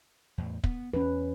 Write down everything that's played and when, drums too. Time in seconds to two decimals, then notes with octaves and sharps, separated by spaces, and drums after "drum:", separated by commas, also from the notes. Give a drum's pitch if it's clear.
0.38 E2 A2
0.64 B3, drum: kick
0.94 E2 C#4 B4